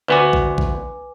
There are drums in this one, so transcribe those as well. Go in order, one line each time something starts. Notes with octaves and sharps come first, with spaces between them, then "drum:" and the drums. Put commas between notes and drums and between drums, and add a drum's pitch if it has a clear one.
D2 B3 F#4 B4 G#5 D6
drum: kick A#1
drum: kick A#1